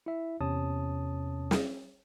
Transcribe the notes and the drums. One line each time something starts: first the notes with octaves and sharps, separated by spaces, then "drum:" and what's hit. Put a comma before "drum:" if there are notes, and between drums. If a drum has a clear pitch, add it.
E4 E5
E2 C3 C#4 C#5 A5 D#6
drum: snare